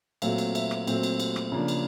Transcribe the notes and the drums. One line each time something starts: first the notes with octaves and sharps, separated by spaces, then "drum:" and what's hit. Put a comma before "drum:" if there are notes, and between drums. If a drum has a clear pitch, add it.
A#2 F#3 A3 C4 F5, drum: cymbal
drum: cymbal
E5, drum: cymbal
drum: rim click
A#2 F#3 A3 C4, drum: cymbal
drum: cymbal
drum: cymbal
drum: rim click
C#3 F3 A#3 D4
drum: cymbal